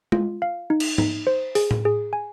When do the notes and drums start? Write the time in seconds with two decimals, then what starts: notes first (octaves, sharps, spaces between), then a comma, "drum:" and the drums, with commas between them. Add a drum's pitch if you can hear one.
0.12 F4, drum: tom G#3
0.42 F5
0.70 D#4
0.80 drum: cymbal
0.98 D#4, drum: tom G#2
1.27 C5
1.55 G#4, drum: open hi-hat
1.71 drum: tom A2
1.85 G#4
2.13 G#5